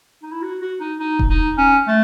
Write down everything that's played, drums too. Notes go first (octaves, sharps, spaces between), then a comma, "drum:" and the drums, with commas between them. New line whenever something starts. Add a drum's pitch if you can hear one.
D#4
E4
F#4
F#4
D#4
D#4
drum: kick E1
D#4
C#4
A3